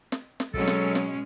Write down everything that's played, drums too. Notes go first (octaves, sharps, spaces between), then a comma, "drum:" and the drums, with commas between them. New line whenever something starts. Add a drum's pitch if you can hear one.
drum: snare
drum: snare
B2 F#3 G#3 C#4 A4, drum: kick
drum: snare
drum: snare